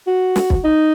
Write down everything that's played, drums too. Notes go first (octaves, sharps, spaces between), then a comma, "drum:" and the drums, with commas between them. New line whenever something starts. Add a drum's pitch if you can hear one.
F#4
drum: snare
drum: kick
D#4